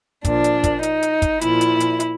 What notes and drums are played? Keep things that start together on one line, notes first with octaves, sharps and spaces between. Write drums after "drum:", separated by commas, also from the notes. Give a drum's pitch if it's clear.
A#2 F3 D4, drum: kick, hi-hat
drum: hi-hat
drum: kick, hi-hat
D#4, drum: hi-hat
drum: hi-hat
drum: kick, hi-hat
A#2 F3 E4, drum: hi-hat
drum: hi-hat
drum: hi-hat
drum: hi-hat